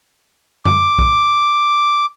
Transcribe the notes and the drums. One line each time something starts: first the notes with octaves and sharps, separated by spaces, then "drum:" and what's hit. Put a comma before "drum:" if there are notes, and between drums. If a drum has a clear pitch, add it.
D6, drum: tom F#2
drum: kick B1